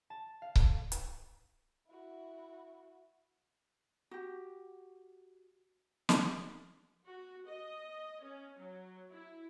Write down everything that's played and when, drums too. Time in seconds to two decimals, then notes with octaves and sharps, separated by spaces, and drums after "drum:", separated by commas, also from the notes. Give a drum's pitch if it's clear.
0.10 A5
0.42 F5
0.56 A4, drum: kick C#1
0.92 drum: hi-hat
1.88 E4 F#4
4.11 F#4 G4
6.09 drum: snare
7.06 F#4
7.47 D#5
8.23 C#4
8.59 F#3
9.10 E4